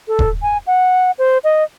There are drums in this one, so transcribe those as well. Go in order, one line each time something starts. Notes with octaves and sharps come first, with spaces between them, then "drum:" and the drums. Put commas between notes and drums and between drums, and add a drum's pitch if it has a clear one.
A4
drum: kick D#1
G#5
F#5
C5
D#5